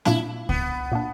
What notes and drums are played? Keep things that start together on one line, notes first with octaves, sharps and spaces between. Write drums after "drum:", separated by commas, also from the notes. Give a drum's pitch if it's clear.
A#2 A#3 D4 E4, drum: snare C4
B3, drum: kick C#2
A#2 A#3 D4